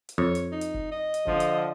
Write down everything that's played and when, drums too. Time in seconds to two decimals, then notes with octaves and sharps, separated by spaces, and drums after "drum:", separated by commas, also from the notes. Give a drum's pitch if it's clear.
0.09 drum: hi-hat
0.18 F2 C#5
0.35 drum: hi-hat
0.52 D#4
0.61 drum: hi-hat
0.74 drum: kick F1
0.92 D#5
1.14 drum: hi-hat
1.27 D3 F3, drum: kick F1
1.40 drum: hi-hat